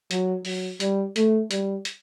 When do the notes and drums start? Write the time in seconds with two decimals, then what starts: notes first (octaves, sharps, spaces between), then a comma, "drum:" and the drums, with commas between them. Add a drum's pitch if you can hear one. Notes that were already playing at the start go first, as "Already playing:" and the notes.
0.11 F#3, drum: hi-hat
0.45 F#3, drum: open hi-hat
0.80 G3, drum: hi-hat
1.16 A3, drum: hi-hat
1.51 G3, drum: hi-hat
1.85 drum: hi-hat